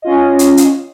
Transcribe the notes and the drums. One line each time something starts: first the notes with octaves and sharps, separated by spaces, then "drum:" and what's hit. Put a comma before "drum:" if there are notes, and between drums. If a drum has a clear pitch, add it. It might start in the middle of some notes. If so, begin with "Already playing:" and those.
C#4 F4 D#5
drum: hi-hat
drum: hi-hat